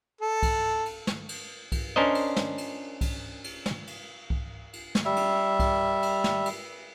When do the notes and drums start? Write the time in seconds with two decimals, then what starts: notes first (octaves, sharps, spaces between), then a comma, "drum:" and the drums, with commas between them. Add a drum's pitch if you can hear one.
0.21 A4
0.43 drum: kick C2, cymbal
0.86 drum: cymbal
1.07 drum: snare
1.29 drum: cymbal
1.72 drum: kick C2, cymbal
1.96 C#4 D4 A#4 C5 D#5
2.15 drum: cymbal
2.36 drum: snare
2.58 drum: cymbal
3.01 drum: kick C2, cymbal
3.44 drum: cymbal
3.66 drum: snare
3.87 drum: cymbal
4.30 drum: kick C2
4.73 drum: cymbal
4.95 drum: snare
5.05 G3 E5
5.16 drum: cymbal
5.60 drum: kick C2, cymbal
6.03 drum: cymbal
6.24 drum: snare
6.46 drum: cymbal